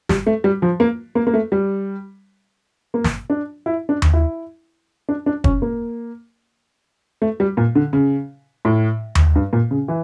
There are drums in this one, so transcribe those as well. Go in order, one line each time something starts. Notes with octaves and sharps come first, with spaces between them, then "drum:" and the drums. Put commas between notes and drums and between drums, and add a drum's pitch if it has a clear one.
G3, drum: snare
A3
G3
F3
A#3
A#3
A#3
A3
G3
A#3
drum: snare
D4
E4
D4
drum: tom D#2
E4
D4
D4
C#4, drum: kick
A#3
A3
G3
A#2
D3
C#3
A2
drum: tom D#2
G2
A#2
C#3
E3